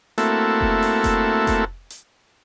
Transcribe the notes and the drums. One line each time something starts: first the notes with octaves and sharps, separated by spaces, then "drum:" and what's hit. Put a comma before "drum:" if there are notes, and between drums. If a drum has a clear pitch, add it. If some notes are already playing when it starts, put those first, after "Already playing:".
A3 A#3 C4 E4 F#4 A4, drum: hi-hat
drum: kick F1
drum: open hi-hat
drum: kick F1, hi-hat
drum: kick F1, hi-hat
drum: hi-hat